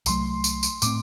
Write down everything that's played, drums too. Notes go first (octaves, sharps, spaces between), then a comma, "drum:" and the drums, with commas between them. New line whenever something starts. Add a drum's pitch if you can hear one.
C2 C3 F#3 A3 C6, drum: tambourine
drum: tambourine
drum: tambourine
A2 A3 C4 D6, drum: tambourine